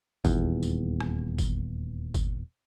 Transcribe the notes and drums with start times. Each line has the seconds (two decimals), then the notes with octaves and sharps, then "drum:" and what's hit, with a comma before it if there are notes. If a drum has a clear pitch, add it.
0.25 D#1 E2, drum: kick G1, tambourine
0.63 drum: tambourine
1.00 drum: rim click
1.38 drum: kick G1, tambourine
2.14 drum: kick G1, tambourine